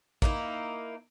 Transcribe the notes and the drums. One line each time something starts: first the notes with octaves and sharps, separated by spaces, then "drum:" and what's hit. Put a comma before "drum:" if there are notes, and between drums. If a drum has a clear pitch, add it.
A#3 D#4 E4, drum: kick